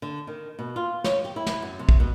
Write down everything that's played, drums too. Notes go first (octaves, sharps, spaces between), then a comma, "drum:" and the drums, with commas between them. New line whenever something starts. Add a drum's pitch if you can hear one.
D3
D#3
B2
F4
C#5, drum: snare
G4
E4
drum: snare
F#2
C3
drum: kick
B2